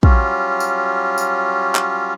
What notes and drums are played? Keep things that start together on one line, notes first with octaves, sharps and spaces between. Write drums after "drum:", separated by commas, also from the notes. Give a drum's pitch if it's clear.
F#3 G3 C#4 F4, drum: kick
drum: tambourine
drum: tambourine
drum: clap